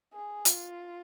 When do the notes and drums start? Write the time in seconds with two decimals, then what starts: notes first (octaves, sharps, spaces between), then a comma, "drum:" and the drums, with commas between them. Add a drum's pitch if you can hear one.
0.13 G#4
0.45 F4, drum: hi-hat